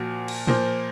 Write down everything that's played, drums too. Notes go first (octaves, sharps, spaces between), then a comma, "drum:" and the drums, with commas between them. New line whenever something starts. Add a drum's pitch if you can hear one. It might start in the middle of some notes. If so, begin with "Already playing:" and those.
Already playing: A#2 F3 A#3 F#4
drum: cymbal
A#2 F3 A#3 C5, drum: tom A2